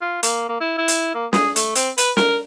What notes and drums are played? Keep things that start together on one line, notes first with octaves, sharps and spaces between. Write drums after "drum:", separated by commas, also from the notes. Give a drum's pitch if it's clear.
F4
A#3, drum: hi-hat
A#3
E4
E4
drum: hi-hat
A#3
G#4, drum: snare
A3, drum: hi-hat
C4, drum: hi-hat
B4, drum: hi-hat
A#4, drum: snare